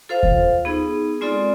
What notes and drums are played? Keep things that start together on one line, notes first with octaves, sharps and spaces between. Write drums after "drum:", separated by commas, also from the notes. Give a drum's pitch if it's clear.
F4 A4 C5 F5
drum: kick D#2
B3 D#4 G#4
G#3 C4 F4 A4 D5